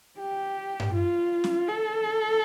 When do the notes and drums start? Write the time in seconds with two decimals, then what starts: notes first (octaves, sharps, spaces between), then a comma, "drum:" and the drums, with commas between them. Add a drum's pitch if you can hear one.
0.19 G4
0.80 drum: tom G2
0.94 F4
1.44 drum: snare
1.69 A4